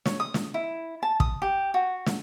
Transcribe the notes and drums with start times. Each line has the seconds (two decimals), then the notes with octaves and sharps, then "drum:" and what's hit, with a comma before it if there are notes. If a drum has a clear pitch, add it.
0.06 C#5, drum: snare
0.20 D#6
0.34 drum: snare
0.54 E4
1.03 A5
1.20 D#6, drum: kick
1.42 G4
1.74 F#4
2.06 drum: snare